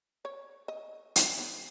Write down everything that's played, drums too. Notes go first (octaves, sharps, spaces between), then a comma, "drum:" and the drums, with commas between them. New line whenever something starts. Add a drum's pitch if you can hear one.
C#5
D#5
drum: hi-hat
B3